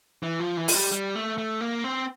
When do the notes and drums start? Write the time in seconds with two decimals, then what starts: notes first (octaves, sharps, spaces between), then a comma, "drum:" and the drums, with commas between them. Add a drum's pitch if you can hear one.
0.23 E3
0.40 F3
0.57 E3
0.68 F3, drum: open hi-hat
0.74 G3
0.92 G3
1.15 A3
1.38 A3
1.61 A#3
1.84 C4